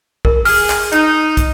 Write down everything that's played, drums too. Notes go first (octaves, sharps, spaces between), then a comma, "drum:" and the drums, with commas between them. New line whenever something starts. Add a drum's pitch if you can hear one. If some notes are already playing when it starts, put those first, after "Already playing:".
A#4, drum: kick
G#4 F6, drum: open hi-hat
drum: clap
D#4, drum: hi-hat
drum: kick, hi-hat